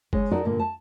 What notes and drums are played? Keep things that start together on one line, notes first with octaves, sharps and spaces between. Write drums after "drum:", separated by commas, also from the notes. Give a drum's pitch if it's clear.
G#3 C#5, drum: kick F#1
D#4 F#4 A4 A#4 D5 D#5
G2 A#2 D3 A#3
A5